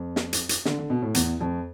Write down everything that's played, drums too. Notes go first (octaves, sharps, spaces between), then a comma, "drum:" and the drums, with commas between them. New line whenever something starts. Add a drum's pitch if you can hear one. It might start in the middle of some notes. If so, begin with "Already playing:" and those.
Already playing: F2
drum: snare
drum: hi-hat
drum: hi-hat
D3, drum: snare
D3
B2
A2
E2, drum: hi-hat
F2